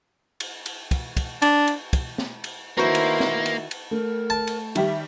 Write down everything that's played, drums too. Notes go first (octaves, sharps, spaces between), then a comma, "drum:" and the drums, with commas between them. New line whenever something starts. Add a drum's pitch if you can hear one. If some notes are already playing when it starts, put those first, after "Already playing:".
drum: cymbal
drum: cymbal
drum: kick, cymbal
drum: kick, cymbal
D4, drum: cymbal
drum: cymbal
drum: kick, cymbal
drum: snare
drum: cymbal
D#3 A#3 E4 F#4 B4 C5 A#5 C#6
drum: cymbal
drum: snare
drum: cymbal
drum: cymbal
A3 A#4
A5
drum: cymbal
D#3 G3 G4 E5, drum: cymbal